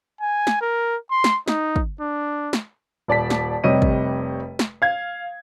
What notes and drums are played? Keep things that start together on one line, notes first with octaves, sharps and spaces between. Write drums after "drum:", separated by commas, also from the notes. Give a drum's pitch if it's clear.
G#5
drum: snare
A#4
C6
drum: snare
D#4, drum: snare
drum: kick
D4
drum: snare
D#1 D5 A5 B6
drum: snare
F1 C3 G3 C#5 D#5 D#7
drum: kick
drum: snare
F5 G#6